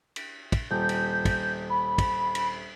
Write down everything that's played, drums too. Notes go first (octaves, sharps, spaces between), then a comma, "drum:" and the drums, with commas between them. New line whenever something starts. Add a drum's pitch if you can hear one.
drum: cymbal
drum: kick, cymbal
D#1 G6
drum: cymbal
drum: kick, cymbal
B5
drum: kick, cymbal
drum: cymbal